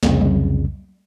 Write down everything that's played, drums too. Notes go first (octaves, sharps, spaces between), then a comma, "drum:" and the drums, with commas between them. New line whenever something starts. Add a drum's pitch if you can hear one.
C2 F2 C#3, drum: snare
drum: tom F#3